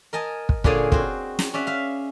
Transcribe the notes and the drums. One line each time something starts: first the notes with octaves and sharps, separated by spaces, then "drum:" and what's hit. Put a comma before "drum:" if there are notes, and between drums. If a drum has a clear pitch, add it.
A#4 D#5 G#5 A5
drum: kick
A#2 D3 G#4 C#5 D5 G#5, drum: kick
C4 F#4, drum: kick
drum: snare
C#4 D5 E5 F#5
E5 F5